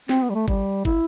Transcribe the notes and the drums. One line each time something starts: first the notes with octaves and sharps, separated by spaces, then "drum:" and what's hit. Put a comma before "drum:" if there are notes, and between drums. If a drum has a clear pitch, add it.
C4, drum: snare
B3
G3
A3
G3, drum: kick
E4, drum: kick